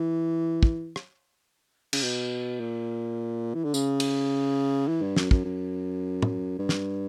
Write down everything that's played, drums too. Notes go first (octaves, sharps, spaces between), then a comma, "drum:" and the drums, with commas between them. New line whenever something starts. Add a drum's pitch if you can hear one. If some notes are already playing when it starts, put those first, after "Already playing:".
Already playing: E3
drum: kick
drum: rim click
C#3, drum: cymbal
B2
A#2
E3
D3
C#3, drum: tambourine
drum: cymbal
E3
G2
F#2, drum: snare
F#2, drum: kick
F#2
drum: tom
G2
drum: snare